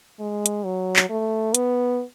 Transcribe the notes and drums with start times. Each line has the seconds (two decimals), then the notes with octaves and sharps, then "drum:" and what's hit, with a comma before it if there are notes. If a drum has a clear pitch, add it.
0.20 G#3
0.46 drum: hi-hat
0.65 F#3
0.96 drum: clap
1.10 A3
1.54 B3, drum: hi-hat